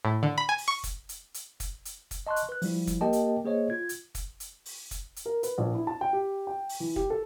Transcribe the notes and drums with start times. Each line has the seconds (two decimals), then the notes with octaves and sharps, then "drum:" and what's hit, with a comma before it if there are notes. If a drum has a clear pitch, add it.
0.05 A2
0.23 D3
0.38 B5
0.49 G#5
0.58 drum: open hi-hat
0.68 C#6
0.83 drum: kick, hi-hat
1.09 drum: hi-hat
1.34 drum: hi-hat
1.60 drum: kick, hi-hat
1.85 drum: hi-hat
2.11 drum: kick, hi-hat
2.27 D#5 A5 C6 C#6 F#6
2.36 drum: hi-hat
2.49 B4 F#6
2.62 F3 G3 E4, drum: open hi-hat
2.87 drum: kick, hi-hat
3.01 A#3 G4 A#4 D#5 G5 A5
3.13 drum: hi-hat
3.45 A#3 G#4 C5 C#5 D#5
3.70 F4 G#6
3.89 drum: hi-hat
4.15 drum: kick, hi-hat
4.40 drum: hi-hat
4.66 drum: open hi-hat
4.91 drum: kick, hi-hat
5.16 drum: hi-hat
5.26 A#4
5.43 B4, drum: hi-hat
5.58 A#1
5.74 E4
5.87 A5
6.01 G5
6.13 G4
6.47 G5
6.69 drum: open hi-hat
6.80 E3
6.96 G4, drum: kick
7.10 A4